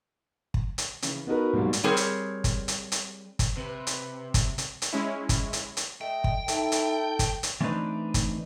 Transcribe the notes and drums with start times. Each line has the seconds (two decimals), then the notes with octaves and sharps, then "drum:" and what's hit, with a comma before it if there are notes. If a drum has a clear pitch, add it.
0.54 drum: kick
0.78 drum: hi-hat
1.02 C#3 E3, drum: hi-hat
1.27 B3 D#4 F#4 A#4 B4
1.53 G#2 B2 F#3 G3 A#3
1.73 drum: hi-hat
1.84 G3 C4 G#4 A#4 C#5
1.97 drum: hi-hat
2.44 drum: kick, hi-hat
2.68 drum: hi-hat
2.92 drum: hi-hat
3.39 drum: kick, hi-hat
3.57 C3 B4
3.87 drum: hi-hat
4.34 drum: kick, hi-hat
4.58 drum: hi-hat
4.82 drum: hi-hat
4.93 G#3 C#4 E4
5.29 drum: kick, hi-hat
5.53 drum: hi-hat
5.77 drum: hi-hat
6.01 A3 D#5 G5
6.24 drum: kick
6.48 D#4 E4 A4, drum: hi-hat
6.72 drum: hi-hat
7.19 drum: kick, hi-hat
7.43 drum: hi-hat
7.61 E3 A3 C4 D4 D#4 B4
8.14 drum: kick, hi-hat